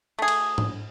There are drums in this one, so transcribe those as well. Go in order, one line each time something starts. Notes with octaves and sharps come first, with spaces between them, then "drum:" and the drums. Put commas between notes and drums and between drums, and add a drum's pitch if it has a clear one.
A3 G#4
drum: cymbal
drum: tom G#2